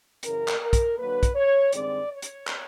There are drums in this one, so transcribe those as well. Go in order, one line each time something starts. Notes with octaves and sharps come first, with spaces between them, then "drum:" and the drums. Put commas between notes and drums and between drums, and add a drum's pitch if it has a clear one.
F#2 C#3 E3 A#4, drum: hi-hat
drum: clap
A#4
drum: kick, hi-hat
D3 F#3 A#3 B4
drum: kick, hi-hat
C#5
G2 D#3 G#3 C4 D5, drum: hi-hat
C#5
drum: hi-hat
drum: clap